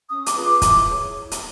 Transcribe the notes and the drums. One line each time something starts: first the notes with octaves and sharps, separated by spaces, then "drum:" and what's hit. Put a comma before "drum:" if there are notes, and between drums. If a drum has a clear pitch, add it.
C#4 D#6
D6, drum: hi-hat
F4 G#4 B4
D6
E4, drum: kick, hi-hat
G#4 C#5
E4
drum: hi-hat